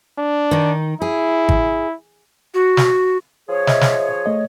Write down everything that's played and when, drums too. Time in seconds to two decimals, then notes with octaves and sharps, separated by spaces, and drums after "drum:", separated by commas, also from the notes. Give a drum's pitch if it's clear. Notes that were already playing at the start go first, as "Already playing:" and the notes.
0.19 D4
0.51 D#3 D#4
1.02 E4 G#4
1.49 drum: kick G#1
2.54 F#4
2.77 drum: snare
3.49 F3 G#4 C#5
3.67 D#5 E5, drum: snare
3.81 drum: snare
4.26 A3 D#5